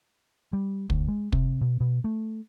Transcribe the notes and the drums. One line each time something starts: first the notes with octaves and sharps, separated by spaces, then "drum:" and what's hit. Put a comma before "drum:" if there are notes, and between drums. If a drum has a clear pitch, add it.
G3
D2, drum: kick
G#3
C3, drum: kick
B2
B2
A3